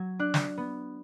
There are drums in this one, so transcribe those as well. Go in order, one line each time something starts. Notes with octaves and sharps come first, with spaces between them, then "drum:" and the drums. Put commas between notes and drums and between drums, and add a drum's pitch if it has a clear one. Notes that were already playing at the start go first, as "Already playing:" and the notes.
Already playing: F#3 G#6
D4 F#6
drum: snare
B3